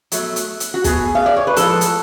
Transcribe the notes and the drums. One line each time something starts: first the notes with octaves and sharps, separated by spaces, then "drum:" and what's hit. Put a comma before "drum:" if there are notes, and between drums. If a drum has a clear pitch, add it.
B2 F#3 A3, drum: hi-hat
drum: hi-hat
drum: hi-hat
F#4
B2 A3 G#4, drum: kick, hi-hat
F5
D5
C#5
B4
A2 F3 G#3 A4, drum: hi-hat
drum: hi-hat